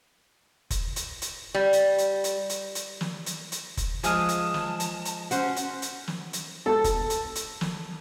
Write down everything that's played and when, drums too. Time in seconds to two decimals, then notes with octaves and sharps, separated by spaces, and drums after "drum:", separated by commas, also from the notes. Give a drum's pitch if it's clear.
0.70 drum: kick F1, hi-hat
0.96 drum: hi-hat
1.22 drum: hi-hat
1.55 G3
1.73 drum: hi-hat
1.98 drum: hi-hat
2.24 drum: hi-hat
2.50 drum: hi-hat
2.75 drum: hi-hat
3.01 drum: snare
3.26 drum: hi-hat
3.52 drum: hi-hat
3.77 drum: kick F1, hi-hat
4.04 F3 G#3 G#4 F5 A5 D#6, drum: hi-hat
4.29 drum: hi-hat
4.54 drum: snare
4.80 drum: hi-hat
5.05 drum: hi-hat
5.31 C#4 F#4 C5, drum: hi-hat
5.56 drum: hi-hat
5.82 drum: hi-hat
6.08 drum: snare
6.33 drum: hi-hat
6.66 A4
6.84 drum: kick F1, hi-hat
7.10 drum: hi-hat
7.35 drum: hi-hat
7.61 drum: snare